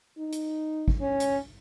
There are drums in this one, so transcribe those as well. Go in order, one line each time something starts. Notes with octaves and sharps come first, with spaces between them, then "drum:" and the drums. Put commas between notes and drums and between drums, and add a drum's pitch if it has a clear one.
D#4
drum: hi-hat
drum: kick
C#4
drum: hi-hat